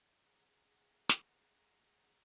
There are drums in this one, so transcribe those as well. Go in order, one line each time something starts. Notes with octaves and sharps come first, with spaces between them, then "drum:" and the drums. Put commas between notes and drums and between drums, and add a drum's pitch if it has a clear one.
G#4 F#5 A#5
drum: snare